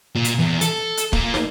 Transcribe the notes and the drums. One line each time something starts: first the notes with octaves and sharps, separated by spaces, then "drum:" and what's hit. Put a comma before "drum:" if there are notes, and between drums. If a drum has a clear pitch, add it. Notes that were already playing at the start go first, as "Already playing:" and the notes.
A#2
drum: hi-hat
E2
A4, drum: hi-hat
drum: hi-hat
A#2, drum: kick
drum: snare